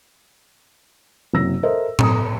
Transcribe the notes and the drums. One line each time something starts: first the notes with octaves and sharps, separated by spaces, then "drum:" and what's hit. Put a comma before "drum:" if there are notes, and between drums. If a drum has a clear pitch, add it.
F#1 C3 F#3 E6 A#6
A4 A#4 C5 D#5 E5
A4 A#5 D#6, drum: tom A2